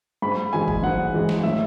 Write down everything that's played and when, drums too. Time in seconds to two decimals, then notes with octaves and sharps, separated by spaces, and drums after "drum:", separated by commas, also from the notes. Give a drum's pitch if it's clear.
0.22 G#2 B5
0.53 E3 G#3 G#5
0.68 drum: kick
0.83 G#2 F#5
1.14 E3 G#3
1.29 drum: snare
1.44 A2 E5